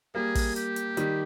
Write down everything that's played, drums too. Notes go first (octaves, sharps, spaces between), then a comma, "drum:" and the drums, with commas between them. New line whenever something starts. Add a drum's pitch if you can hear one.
G3 A#3 G#4
drum: kick, open hi-hat
G4, drum: hi-hat
drum: hi-hat
D#3 G3, drum: hi-hat